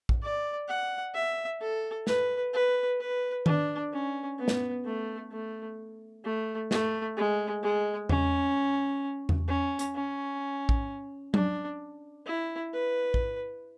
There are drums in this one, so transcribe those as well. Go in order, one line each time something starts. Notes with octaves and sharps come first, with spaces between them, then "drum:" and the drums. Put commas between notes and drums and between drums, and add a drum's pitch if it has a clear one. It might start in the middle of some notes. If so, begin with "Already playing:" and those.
drum: kick A#1
D5
F#5
E5
A4
B4, drum: snare
B4
B4
D4, drum: tom D#3
C#4
B3
drum: snare
A3
A3
A3
A3, drum: snare
G#3
G#3
C#4, drum: tom E2
drum: tom E2
C#4
drum: hi-hat
C#4
drum: kick A#1
D4, drum: tom F#3
E4
B4
drum: kick A#1